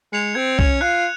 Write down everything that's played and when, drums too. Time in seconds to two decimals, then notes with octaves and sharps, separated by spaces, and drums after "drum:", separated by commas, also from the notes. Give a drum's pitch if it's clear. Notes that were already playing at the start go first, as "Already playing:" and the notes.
0.13 G#3 C#7 F7
0.35 C4 G#6
0.59 C#4 C#7 F7, drum: kick
0.81 F4 F#6